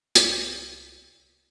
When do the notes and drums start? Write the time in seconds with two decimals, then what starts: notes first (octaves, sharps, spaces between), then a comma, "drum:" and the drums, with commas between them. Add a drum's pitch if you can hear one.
0.15 C2, drum: hi-hat